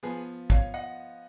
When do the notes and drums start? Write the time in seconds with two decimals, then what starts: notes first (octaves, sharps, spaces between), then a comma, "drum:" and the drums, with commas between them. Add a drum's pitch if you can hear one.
0.03 F3 B3 G#4 B4
0.50 C#5 F5, drum: kick
0.74 D#5 F#5